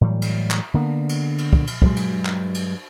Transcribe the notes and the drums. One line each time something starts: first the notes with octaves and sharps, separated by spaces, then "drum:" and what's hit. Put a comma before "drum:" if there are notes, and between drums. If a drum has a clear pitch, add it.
A2 E3 F#3 G3
drum: cymbal
drum: clap
D3 A#3 B3
drum: cymbal
drum: cymbal
drum: kick
drum: cymbal
G2 F#3 G#3, drum: kick
drum: cymbal
drum: clap
drum: cymbal